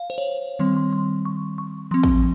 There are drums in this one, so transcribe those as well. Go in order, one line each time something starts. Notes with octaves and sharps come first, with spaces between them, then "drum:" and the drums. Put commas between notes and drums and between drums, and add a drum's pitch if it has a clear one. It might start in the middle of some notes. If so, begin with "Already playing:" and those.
Already playing: F5
C5
C#5
D#3 G3 C4 C6
C6
C6
C#6
C#6
F3 C4 C6
drum: kick A1